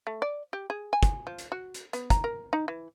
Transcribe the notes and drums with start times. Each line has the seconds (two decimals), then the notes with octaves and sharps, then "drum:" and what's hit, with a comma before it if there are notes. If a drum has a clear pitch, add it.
0.07 A3
0.22 D5
0.53 G4
0.70 G#4
0.93 G#5
1.03 drum: kick, hi-hat
1.27 F3
1.39 drum: hi-hat
1.52 F#4
1.74 drum: hi-hat
1.93 B3, drum: hi-hat
2.10 A#5, drum: kick, hi-hat
2.24 A#4
2.53 D#4
2.68 E3